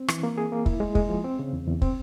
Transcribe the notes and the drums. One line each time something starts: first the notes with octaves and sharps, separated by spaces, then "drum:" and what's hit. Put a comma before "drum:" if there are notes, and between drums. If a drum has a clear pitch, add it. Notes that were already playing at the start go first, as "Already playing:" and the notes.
Already playing: C4
E3, drum: rim click
A#3
G#4
A#3
E4, drum: kick
G#3
G#3, drum: kick
F3
C4
C#3
E2
E2
C4, drum: kick